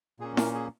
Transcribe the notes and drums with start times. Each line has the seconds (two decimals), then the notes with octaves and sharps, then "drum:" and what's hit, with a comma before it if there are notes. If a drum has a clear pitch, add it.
0.20 A#2 A#3 C#4 G#4
0.37 A#4, drum: snare E4
0.55 G#4